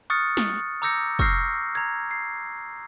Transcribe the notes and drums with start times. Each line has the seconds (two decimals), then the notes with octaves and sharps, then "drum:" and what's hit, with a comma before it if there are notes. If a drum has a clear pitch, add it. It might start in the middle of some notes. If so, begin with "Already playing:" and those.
0.10 C#6 D#6 F6 F#6 A6 C#7
0.37 drum: snare
0.82 A#5 D6 E6 G6 A#6 C#7
1.19 C#6 E6 F6 G6 A#6 C7, drum: kick
1.75 A#5 G#6
2.11 C7